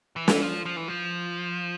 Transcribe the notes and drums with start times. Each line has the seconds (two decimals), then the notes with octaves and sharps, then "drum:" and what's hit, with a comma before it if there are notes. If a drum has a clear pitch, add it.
0.16 E3
0.28 drum: snare
0.42 F3
0.66 F3
0.76 E3
0.88 F3